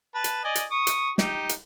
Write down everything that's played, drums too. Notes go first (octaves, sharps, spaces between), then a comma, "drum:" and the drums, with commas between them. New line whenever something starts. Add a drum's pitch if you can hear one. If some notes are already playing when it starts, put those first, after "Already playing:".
B4 A5
drum: hi-hat
D5 D#5 G#5
drum: hi-hat
C#6 D#6
drum: hi-hat
D#4 G4, drum: snare
drum: hi-hat